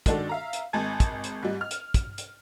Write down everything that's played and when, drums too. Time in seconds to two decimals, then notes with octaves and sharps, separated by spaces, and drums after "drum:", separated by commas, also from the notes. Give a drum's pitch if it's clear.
0.06 D#3 G#3 D4 F#4 A4, drum: kick, hi-hat
0.29 E5 F5 A#5
0.53 drum: hi-hat
0.73 G#1 G#3 G#5 A5 G#6
1.00 drum: kick, hi-hat
1.24 drum: hi-hat
1.43 G#2 G3
1.61 F6
1.71 drum: hi-hat
1.94 drum: kick, hi-hat
2.18 drum: hi-hat